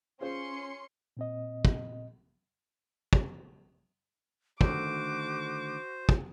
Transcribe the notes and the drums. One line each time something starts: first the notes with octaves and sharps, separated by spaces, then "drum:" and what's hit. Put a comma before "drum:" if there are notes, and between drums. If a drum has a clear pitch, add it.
C#4 F4 G#4 C5 C6 C#7
A#2 C4 D#5
drum: kick
drum: kick
D3 D#3 A3 F#4 C5 D6, drum: kick
drum: kick